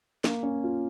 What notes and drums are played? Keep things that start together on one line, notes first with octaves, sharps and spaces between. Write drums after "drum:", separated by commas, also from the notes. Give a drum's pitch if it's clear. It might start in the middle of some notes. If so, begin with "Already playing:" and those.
A#3, drum: snare
C#4
F4